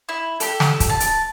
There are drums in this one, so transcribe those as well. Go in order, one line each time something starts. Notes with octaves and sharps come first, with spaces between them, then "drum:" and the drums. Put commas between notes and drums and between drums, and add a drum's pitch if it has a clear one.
E4
G4 A4, drum: hi-hat
drum: snare
drum: kick, hi-hat
A5
drum: hi-hat